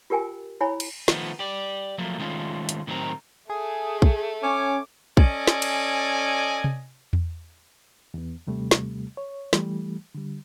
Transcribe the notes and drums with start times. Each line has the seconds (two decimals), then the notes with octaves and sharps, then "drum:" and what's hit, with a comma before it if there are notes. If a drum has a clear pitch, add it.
0.10 F4 G4 A#4 G5 G#5
0.61 E4 C#5 G#5 B5
0.80 drum: cymbal
1.08 D#3 F3 A3 B3, drum: snare
1.39 G4 D5
1.98 F3 F#3 A3 A#3
2.19 D#3 G#3 A3 C#4 F4
2.69 drum: hi-hat
2.87 A2 D#3 F#3 C4 A#4
3.49 A3 G#4
4.02 drum: kick
4.43 C#4 C#5 D6
5.17 C#4 A4 D5 D#5 G#5, drum: kick
5.47 drum: snare
5.62 drum: cymbal
6.64 drum: tom C3
7.13 drum: tom E2
8.14 E2 B3
8.47 D#2 C3 G3 A3
8.71 drum: snare
9.17 C#5
9.53 E3 G3 A3, drum: snare
10.15 D3 G3